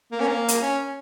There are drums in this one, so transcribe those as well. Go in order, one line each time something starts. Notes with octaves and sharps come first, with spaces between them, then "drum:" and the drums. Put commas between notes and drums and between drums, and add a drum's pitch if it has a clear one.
A#3
C#4
A#3
drum: hi-hat
C#4